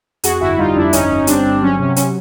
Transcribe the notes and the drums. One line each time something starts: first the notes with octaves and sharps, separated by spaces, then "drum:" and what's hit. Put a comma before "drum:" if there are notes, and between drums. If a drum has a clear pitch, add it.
F2 F#4 G#4, drum: hi-hat
G1 E4 F#4
G3 D#4 F4
F2 D4 E4
G1 C#4 D#4, drum: hi-hat
G1
G3 C4 D4, drum: hi-hat
G1
F#3 C#4
C3 C#4
F#3 C#4, drum: hi-hat